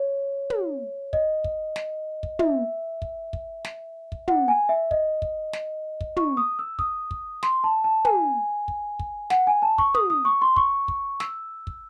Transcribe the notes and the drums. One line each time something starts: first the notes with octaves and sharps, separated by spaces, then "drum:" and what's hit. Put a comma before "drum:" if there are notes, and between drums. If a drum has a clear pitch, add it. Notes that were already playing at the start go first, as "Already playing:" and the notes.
Already playing: C#5
drum: tom
D#5, drum: kick
drum: kick
drum: snare
drum: kick
E5, drum: tom
drum: kick
drum: kick
drum: snare
drum: kick
F#5, drum: tom
G#5
E5
D#5, drum: kick
drum: kick
drum: snare
drum: kick
C#6, drum: tom
D#6
E6
D#6, drum: kick
drum: kick
C6, drum: snare
A5
A5
G#5, drum: tom
drum: kick
drum: kick
F#5, drum: snare
G#5
A5
C#6, drum: kick
D#6, drum: tom
D#6
C#6
C6
C#6, drum: kick
drum: kick
E6, drum: snare
drum: kick